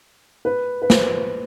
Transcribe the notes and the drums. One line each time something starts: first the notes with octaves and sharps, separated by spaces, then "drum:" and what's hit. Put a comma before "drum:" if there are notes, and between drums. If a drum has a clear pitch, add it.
B4
B4
C5, drum: snare